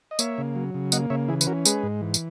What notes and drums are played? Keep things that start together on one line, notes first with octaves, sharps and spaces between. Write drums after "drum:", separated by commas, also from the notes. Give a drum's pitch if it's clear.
D#5
A#3 C#5 E5, drum: tambourine
C#3
F#3
C#3
A#3 D#5 F#5, drum: tambourine
C#3 C#5 E5
E3 E4 G#4
B4, drum: tambourine
C#4 F#4 A#4
G#3 G#4 B4, drum: tambourine
G#2
E3
drum: tambourine